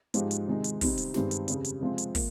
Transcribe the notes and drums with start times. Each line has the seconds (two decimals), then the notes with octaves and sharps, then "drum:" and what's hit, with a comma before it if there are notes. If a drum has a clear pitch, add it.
0.14 G#2 F3 G#3 D#4 G4, drum: hi-hat
0.31 drum: hi-hat
0.48 C3 D#3 G#3 D#4
0.64 drum: hi-hat
0.81 C3 G3 C4 D#4, drum: kick, open hi-hat
0.98 drum: hi-hat
1.14 G2 D#3 G#3 C4 G4, drum: snare
1.31 drum: hi-hat
1.48 F2 C#3 G3, drum: hi-hat
1.64 drum: hi-hat
1.81 C3 F3 G#3 C4
1.98 drum: hi-hat
2.15 A#3, drum: kick, open hi-hat